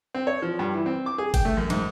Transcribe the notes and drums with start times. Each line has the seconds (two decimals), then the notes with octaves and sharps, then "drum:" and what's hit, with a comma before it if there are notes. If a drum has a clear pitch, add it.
0.14 C4
0.27 C#5
0.42 F3
0.59 G2
0.74 E3
0.86 C4
1.06 D6
1.18 G#4
1.34 G5, drum: kick G1, cymbal
1.45 A3
1.57 F#2
1.70 G#2, drum: cymbal